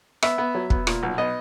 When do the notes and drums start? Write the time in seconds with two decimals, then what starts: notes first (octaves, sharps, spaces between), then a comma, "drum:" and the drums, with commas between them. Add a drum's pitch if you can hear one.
0.22 B3 E5, drum: rim click
0.38 B3
0.55 F#3
0.70 B3, drum: kick
0.87 A#2, drum: rim click
1.03 B1
1.18 B3 D#5